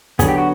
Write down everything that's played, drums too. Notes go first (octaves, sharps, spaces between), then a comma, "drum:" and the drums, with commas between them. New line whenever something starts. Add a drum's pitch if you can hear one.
D3 F#3 B3 G#4, drum: kick, hi-hat
G4
F#4